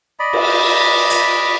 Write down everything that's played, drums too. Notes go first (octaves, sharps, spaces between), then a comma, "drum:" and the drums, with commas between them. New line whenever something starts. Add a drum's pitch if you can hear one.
D5 D#5 B5
drum: cymbal
drum: hi-hat